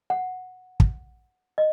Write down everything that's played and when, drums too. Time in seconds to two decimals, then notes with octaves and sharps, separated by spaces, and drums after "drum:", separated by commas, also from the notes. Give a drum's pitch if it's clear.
0.10 F#5
0.80 drum: kick
1.58 D#5